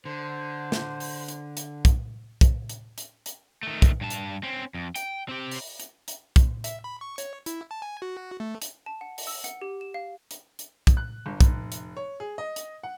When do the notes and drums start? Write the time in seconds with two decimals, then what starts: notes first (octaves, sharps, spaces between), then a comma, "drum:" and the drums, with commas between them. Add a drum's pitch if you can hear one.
0.05 D3 C5
0.72 drum: snare
1.00 drum: open hi-hat
1.28 drum: hi-hat
1.57 drum: hi-hat
1.85 drum: kick, hi-hat
2.41 drum: kick, hi-hat
2.69 drum: hi-hat
2.98 drum: hi-hat
3.26 drum: hi-hat
3.63 D#3 A3
3.82 drum: kick, hi-hat
4.01 G2 A5
4.10 drum: hi-hat
4.43 C4 C#4
4.74 F2
4.96 G5, drum: hi-hat
5.29 C4 G4
5.51 drum: open hi-hat
5.80 drum: hi-hat
6.08 drum: hi-hat
6.36 drum: kick, hi-hat
6.64 E5, drum: hi-hat
6.84 B5
7.01 C#6
7.18 C#5, drum: hi-hat
7.46 E4, drum: hi-hat
7.71 A5
7.82 G#5
8.02 F#4
8.40 A3
8.62 drum: hi-hat
8.86 A5
9.01 F#5
9.18 drum: open hi-hat
9.27 E6
9.44 F#5, drum: hi-hat
9.61 G4
9.81 E7
9.94 F5
10.31 drum: hi-hat
10.59 drum: hi-hat
10.87 drum: kick, hi-hat
10.97 F#6
11.26 G1
11.41 F1, drum: kick, hi-hat
11.72 drum: hi-hat
11.97 C#5
12.20 G#4
12.38 D#5
12.56 drum: hi-hat
12.83 F#5